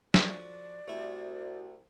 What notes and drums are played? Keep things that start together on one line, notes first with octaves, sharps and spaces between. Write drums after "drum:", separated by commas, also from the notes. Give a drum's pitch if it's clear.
F3 F#4 A4 D5, drum: snare
C2 A3 E4 F#4